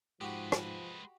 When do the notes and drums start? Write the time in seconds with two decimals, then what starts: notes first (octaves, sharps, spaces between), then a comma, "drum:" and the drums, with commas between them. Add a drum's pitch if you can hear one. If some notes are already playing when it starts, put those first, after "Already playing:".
0.21 G#2 F3 G#3 F#4 G4 B4
0.52 drum: rim click